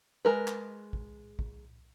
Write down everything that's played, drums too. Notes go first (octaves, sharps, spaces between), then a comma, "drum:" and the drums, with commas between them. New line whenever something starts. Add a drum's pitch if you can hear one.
G#3 A#4 B4
drum: clap
drum: kick
drum: kick